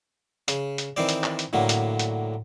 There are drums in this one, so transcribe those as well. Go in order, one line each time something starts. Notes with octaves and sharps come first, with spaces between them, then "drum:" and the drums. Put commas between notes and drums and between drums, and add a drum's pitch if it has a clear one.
C#3, drum: hi-hat
drum: hi-hat
D#3 E3 C4 C5 D5
drum: hi-hat
drum: clap
drum: hi-hat
A2 D3 F#3 A#3
drum: hi-hat
drum: hi-hat